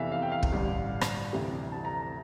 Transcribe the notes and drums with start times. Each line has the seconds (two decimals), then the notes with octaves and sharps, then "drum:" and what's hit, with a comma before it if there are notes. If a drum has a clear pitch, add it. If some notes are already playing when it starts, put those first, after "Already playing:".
Already playing: F1 E2 C3 E3 E5 F5
0.12 F5
0.22 G5
0.32 F5
0.43 drum: kick
0.52 A1 G2 D3
1.01 drum: rim click
1.32 D2 C3 E3
1.72 A5
1.85 A#5
1.98 A5